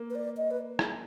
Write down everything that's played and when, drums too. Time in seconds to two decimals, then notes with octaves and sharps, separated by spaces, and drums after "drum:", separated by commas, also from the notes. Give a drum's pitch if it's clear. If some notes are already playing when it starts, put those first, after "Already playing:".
Already playing: A#3
0.10 B4
0.15 D5
0.37 D#5
0.51 B4
0.79 drum: rim click